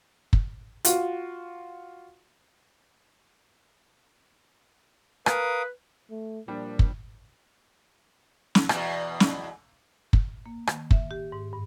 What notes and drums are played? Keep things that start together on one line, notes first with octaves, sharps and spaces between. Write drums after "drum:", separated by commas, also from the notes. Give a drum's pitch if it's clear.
drum: kick
F4 F#4, drum: hi-hat
A#4 B4 F5 D#6, drum: rim click
A3
A#2 F3 G3 D4
drum: kick
drum: snare
E2 B2, drum: rim click
drum: snare
drum: kick
A#3
D#3, drum: rim click
E5, drum: kick
G4
G#2
G2